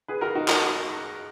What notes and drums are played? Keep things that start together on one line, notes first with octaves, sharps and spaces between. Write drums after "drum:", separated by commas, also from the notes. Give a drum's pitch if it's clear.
G#4 B4
F#4 A#4
D#4 F#4
F#4 A#4, drum: clap